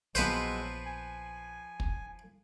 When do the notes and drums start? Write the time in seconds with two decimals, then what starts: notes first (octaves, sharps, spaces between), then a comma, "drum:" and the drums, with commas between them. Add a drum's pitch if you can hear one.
0.15 A#1 F3 F#3 G#3 B3 B4 C5, drum: hi-hat
0.85 G#5
1.80 drum: kick